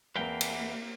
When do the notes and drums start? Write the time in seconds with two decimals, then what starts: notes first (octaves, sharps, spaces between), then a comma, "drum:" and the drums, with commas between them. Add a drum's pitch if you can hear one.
0.16 E2 A#3 C4 B4 F5 G5
0.41 drum: cymbal